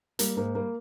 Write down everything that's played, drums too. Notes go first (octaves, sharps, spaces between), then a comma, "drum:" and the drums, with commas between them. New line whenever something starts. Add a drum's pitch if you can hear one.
G3 A#3, drum: hi-hat
G#2 A#3
G3 A#3